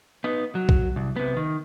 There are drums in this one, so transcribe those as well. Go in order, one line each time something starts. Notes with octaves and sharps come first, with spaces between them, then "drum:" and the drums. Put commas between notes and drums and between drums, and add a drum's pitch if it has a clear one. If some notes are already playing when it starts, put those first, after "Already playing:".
B3 D#4
F#3
drum: kick A#1
C2
C3 B3
D#3